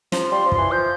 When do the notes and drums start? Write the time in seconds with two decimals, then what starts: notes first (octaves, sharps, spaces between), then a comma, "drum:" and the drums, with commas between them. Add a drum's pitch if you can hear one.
0.12 F3, drum: snare
0.31 G3 C6
0.45 F3
0.52 C6, drum: kick
0.58 E3
0.71 F3 G6